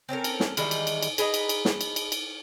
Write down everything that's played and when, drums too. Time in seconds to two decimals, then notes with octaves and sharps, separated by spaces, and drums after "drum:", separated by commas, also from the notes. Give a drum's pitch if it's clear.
0.09 C4 C#4 A4 A#4
0.24 drum: cymbal
0.40 drum: snare
0.57 D#3 E3 G3 G#3, drum: cymbal
0.71 drum: cymbal
0.87 drum: cymbal
1.02 drum: cymbal
1.18 G#4 B4 D#5 A#5, drum: cymbal
1.34 drum: cymbal
1.49 drum: cymbal
1.65 drum: snare
1.81 drum: cymbal
1.96 drum: cymbal
2.12 drum: cymbal